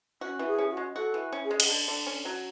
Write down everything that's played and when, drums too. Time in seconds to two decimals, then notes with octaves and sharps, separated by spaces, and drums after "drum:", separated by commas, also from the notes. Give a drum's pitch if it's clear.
0.21 C#4 F#4
0.39 E3
0.46 G#4
0.58 C#4
0.71 F#4
0.77 G#3
0.96 F#4 A4
1.14 E3
1.32 C#4
1.45 G#4
1.51 G#3
1.60 drum: cymbal
1.69 D3
1.88 D3
2.06 C#4
2.25 F#3